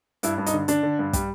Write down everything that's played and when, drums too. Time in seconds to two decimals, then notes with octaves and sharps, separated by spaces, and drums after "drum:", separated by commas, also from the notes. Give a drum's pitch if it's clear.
0.23 G2 E4, drum: hi-hat
0.38 G2
0.46 D#4, drum: hi-hat
0.53 D3
0.68 D3 D4, drum: hi-hat
0.83 D3
0.99 G2
1.13 G3, drum: kick, hi-hat